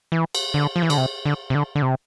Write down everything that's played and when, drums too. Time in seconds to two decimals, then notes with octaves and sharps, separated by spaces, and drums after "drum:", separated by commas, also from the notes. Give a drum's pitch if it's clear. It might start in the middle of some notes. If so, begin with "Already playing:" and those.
0.12 E3
0.35 drum: cymbal
0.54 D3
0.76 F3
0.82 E3
0.90 D3, drum: cymbal
0.97 C3
1.25 D3
1.50 C3
1.55 D3
1.75 D3
1.82 C3